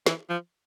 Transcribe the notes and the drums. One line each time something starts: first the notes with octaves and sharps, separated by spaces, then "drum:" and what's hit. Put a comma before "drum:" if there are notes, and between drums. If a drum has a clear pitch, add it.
E3, drum: snare
F3